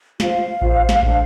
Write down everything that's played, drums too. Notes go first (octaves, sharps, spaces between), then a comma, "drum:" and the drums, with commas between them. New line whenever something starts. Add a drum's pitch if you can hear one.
F4 C5 F5, drum: snare
F4 C5, drum: kick A1
drum: snare
D4 A4 C5, drum: kick A1